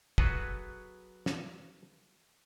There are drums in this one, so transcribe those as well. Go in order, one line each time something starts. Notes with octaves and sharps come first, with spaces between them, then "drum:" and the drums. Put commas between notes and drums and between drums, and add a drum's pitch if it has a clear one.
F#3 B3 F#4 G#4 A4 B4, drum: kick
drum: snare